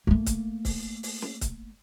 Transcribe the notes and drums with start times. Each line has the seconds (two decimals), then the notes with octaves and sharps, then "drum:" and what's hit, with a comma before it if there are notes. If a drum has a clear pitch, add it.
0.07 A3 A#3
0.26 drum: kick C#1, hi-hat
0.65 drum: kick C#1, open hi-hat
1.03 drum: open hi-hat
1.22 drum: snare
1.41 drum: kick C#1, hi-hat